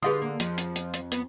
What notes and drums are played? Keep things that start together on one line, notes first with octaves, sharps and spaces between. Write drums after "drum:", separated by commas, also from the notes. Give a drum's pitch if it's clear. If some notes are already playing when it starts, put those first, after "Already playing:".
D3 F4 G4 G#4 B4 F5 D#6
A#3
F2 F3, drum: hi-hat
drum: hi-hat
drum: hi-hat
drum: hi-hat
B3, drum: hi-hat